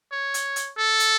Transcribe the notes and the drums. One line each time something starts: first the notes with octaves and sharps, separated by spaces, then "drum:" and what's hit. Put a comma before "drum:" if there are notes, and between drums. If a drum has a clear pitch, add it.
C#5
drum: hi-hat
drum: hi-hat
A4
drum: hi-hat